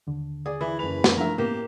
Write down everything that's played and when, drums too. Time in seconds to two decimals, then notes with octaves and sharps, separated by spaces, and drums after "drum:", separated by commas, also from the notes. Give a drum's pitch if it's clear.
0.07 D#2 D3
0.46 G#4 D5
0.61 E3 E4
0.79 F#1 B4 F7
1.04 drum: snare
1.17 G2 F3 A3 A#4 E5
1.38 A1 A#3 B3 G4 E7